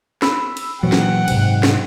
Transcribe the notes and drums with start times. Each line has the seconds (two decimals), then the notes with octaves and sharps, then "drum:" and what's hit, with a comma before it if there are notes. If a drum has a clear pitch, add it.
0.22 B5 E6, drum: snare
0.57 drum: cymbal
0.83 A#2 E3 F#3 F#5 G5
0.92 drum: snare
1.28 G#2 C3, drum: cymbal
1.63 drum: snare